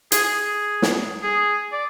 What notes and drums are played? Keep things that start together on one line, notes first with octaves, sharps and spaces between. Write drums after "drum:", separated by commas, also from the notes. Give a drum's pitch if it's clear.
G#4, drum: hi-hat
G#4
drum: snare
G#4
D5